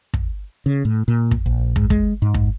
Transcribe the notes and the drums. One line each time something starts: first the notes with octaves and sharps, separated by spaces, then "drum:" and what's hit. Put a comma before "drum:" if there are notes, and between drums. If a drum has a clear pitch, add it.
drum: kick
C#3
A2
A#2
drum: kick
A#1
G#2, drum: kick
G#3, drum: kick
G#2
drum: kick